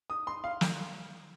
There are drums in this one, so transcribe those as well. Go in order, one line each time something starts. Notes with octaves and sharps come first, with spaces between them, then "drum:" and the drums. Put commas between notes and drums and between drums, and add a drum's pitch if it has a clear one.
D#6
C6
F5
drum: snare